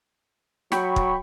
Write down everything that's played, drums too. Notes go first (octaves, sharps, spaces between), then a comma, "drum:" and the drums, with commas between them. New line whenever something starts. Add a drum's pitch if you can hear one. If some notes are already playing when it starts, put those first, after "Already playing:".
F#3 G5 B5 C#6, drum: snare
drum: kick